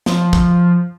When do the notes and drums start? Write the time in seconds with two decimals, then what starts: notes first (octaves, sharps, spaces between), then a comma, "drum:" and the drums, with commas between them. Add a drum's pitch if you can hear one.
0.06 F3, drum: snare
0.33 drum: kick